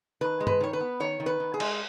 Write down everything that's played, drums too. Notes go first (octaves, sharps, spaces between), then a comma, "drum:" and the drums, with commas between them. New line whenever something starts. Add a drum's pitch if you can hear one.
D#3 B4
G#3
B4, drum: tom G2
D#3 C#5
B4
B3
D#3 C#5
D#3
B4
D#3
G#4
G#3, drum: cymbal